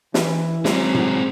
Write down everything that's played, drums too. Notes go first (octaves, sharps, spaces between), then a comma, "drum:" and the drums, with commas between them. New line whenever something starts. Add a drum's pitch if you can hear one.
E3, drum: snare
F#3 G#3 C4, drum: snare
drum: tom A2